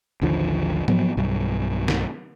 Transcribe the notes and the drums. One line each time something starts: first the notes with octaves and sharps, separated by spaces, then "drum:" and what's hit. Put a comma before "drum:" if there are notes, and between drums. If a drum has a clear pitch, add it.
A1 D#2 D3 F3
F3 F#3 B3, drum: tom G#2
B1 G2
drum: snare